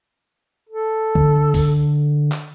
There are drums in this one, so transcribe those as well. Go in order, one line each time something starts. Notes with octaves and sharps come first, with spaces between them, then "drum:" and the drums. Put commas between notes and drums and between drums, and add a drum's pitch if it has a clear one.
A4
D3, drum: kick C2
drum: kick C2, open hi-hat
drum: clap